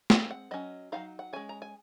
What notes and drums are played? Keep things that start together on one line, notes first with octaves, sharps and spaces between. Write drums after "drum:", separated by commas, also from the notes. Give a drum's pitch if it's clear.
G#3 C4, drum: snare
F#5
F#3 C#4 D#5
F#3 C4 D#4 F5
F#5
G#3 C#4 G#5
A#5
G#5